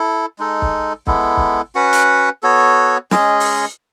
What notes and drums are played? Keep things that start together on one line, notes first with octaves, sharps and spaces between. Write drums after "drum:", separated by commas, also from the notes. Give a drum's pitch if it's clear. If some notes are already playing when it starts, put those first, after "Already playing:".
Already playing: E4 A4
G#3 D#4 A4
drum: kick
G#3 B3 E4 A4, drum: kick
drum: kick
C#4 F#4 B4 F#5
drum: hi-hat
B3 F#4 A4 C#5
G#3 C#4 G#4 D#5, drum: snare
drum: open hi-hat